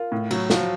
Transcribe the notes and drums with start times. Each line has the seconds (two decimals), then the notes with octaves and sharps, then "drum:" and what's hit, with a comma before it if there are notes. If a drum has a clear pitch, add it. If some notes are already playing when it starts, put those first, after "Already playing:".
Already playing: F4 A#4
0.12 A2
0.31 F#3, drum: cymbal
0.50 F3 F#4, drum: snare